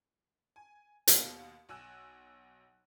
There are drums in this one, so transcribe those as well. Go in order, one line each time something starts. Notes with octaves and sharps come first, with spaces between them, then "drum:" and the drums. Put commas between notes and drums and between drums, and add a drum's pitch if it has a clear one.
G#5
D#2 B2, drum: hi-hat
B1 G#5 E6 F#6 E7